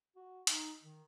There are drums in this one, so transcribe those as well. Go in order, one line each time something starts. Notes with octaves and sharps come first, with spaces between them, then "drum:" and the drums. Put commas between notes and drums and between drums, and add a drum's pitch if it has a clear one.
F#4
D#4, drum: hi-hat
D#3